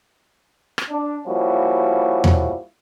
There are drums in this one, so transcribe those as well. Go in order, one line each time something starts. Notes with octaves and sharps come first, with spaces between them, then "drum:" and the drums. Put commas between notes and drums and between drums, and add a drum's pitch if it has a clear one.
drum: rim click
D4
F3 G3 A#3 C#4 E4 F#4
drum: tom E2